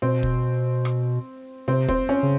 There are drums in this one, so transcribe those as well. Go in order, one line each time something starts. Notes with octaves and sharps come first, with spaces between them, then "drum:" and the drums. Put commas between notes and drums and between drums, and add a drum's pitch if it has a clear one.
B2 C4
drum: kick
drum: rim click
C3 C4
C4, drum: kick
C#4
C#3